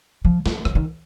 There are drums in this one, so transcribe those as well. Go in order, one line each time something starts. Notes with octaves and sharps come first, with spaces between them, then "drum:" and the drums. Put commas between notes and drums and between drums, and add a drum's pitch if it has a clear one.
F3
F3, drum: snare
E3, drum: rim click
D#3